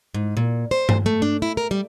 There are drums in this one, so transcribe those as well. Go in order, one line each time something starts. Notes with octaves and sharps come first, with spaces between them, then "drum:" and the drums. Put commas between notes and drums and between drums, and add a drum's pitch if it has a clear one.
G#2
A#2
C5
drum: tom G2
A3
D4
E4
A#4
G3